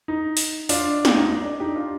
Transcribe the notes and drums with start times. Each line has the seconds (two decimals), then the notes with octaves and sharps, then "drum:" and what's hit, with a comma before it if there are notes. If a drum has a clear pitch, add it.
0.08 D#4
0.37 drum: open hi-hat
0.69 D4 F4, drum: open hi-hat
1.05 drum: snare
1.15 D#4
1.30 D4
1.45 D4
1.60 D#4 G4
1.76 D4 F4